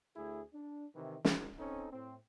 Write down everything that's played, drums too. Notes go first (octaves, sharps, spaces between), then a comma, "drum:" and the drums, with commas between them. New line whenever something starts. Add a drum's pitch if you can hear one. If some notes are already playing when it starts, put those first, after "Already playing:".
D2 A3 E4 G#4
D4
C3 D#3 E3
G#1 D#3, drum: snare
C4 C#4 D#4 A4
A2 C4